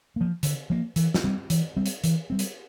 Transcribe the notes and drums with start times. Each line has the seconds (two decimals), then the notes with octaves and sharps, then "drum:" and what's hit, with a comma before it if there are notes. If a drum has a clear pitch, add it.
0.16 F3 A#3
0.43 D3, drum: hi-hat
0.70 F3 A#3
0.96 E3, drum: hi-hat
1.14 drum: snare
1.24 G3 C4
1.50 E3, drum: hi-hat
1.77 G3 C4
1.86 drum: hi-hat
2.04 E3, drum: hi-hat
2.30 G3 C4
2.39 drum: hi-hat